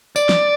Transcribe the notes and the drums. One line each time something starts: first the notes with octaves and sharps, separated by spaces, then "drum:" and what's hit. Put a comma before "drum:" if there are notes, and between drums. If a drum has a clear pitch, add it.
D5, drum: tambourine
drum: snare